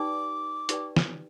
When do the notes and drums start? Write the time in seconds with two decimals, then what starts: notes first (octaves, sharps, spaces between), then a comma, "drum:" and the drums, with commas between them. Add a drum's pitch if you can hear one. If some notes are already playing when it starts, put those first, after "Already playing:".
Already playing: D#4 G4 B4 D5 G5 D6
0.69 D#4 G4 B4 D5 G5, drum: hi-hat
0.97 drum: snare